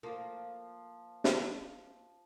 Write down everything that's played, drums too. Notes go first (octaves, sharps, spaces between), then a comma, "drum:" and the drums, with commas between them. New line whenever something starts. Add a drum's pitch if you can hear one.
F3 A#3 F4
drum: snare